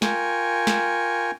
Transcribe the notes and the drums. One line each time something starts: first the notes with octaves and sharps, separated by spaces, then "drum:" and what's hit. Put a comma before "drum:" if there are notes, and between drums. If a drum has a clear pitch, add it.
F4 A#4 G5 G#5 C#6, drum: snare
drum: snare